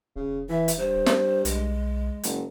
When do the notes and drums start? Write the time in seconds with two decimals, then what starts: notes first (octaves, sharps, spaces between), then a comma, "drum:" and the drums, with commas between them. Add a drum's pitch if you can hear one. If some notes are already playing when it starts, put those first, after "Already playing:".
0.16 E1 C#3
0.49 E3 E5
0.68 drum: hi-hat
0.78 G2 C5
1.06 drum: snare
1.45 B1 G#3, drum: hi-hat
2.23 F#1, drum: hi-hat